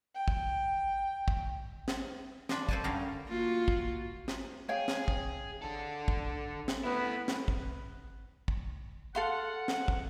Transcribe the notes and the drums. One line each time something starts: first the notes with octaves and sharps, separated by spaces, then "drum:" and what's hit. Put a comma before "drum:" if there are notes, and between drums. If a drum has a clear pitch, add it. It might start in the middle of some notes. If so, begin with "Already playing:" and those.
G5
drum: kick
drum: kick
drum: snare
F3 D4 B5, drum: snare
A4 C5 D5 G#5 A5, drum: kick
G2 D3 G3 C#4 F5 A#5
A#3 F4 F#4
drum: kick
drum: snare
G#4 C#5 F5 G5
drum: snare
drum: kick
D3 A4
drum: kick
drum: snare
A3 B3 E4 B4
drum: snare
drum: kick
drum: kick
A4 F5 F#5 C6
drum: snare
drum: kick